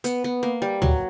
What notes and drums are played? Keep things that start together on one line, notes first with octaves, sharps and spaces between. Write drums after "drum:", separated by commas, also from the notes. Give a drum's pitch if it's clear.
B3, drum: hi-hat
B3
A#3
G3
F#3, drum: tom